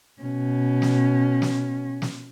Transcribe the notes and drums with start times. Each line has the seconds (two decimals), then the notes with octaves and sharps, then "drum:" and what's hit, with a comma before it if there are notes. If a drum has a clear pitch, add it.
0.22 B2 C#4
0.82 drum: snare
1.42 drum: snare
2.02 drum: snare